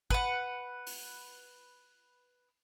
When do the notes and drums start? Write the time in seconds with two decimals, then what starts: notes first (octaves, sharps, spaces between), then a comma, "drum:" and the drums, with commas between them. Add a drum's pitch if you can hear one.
0.10 B4 F#5, drum: kick
0.87 drum: open hi-hat